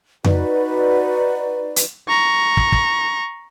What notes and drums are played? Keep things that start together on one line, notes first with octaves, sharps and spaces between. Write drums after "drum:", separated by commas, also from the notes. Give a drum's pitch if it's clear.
D#4 F#4 B4 D5, drum: tom F2
drum: hi-hat
A#5 C#6
drum: kick
drum: kick